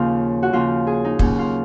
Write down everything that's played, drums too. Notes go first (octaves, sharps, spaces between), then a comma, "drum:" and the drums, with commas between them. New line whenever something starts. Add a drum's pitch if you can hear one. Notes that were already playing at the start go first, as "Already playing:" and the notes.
Already playing: D#2 C#3 F3 F4
F#4
D#2 C#3 F3 F4
G#4
D#4
D#2 C#3 F#3 C#4, drum: kick
F4